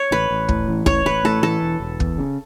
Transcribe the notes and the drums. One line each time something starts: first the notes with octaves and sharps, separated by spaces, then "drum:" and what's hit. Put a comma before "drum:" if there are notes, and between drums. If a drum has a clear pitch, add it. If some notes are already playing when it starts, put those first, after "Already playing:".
Already playing: C#5
A1 B4
A1
A2, drum: kick
E3
A1 C#5, drum: kick
A1 B4
A2 A4
E3 A4
E1
E1
E2, drum: kick
C#3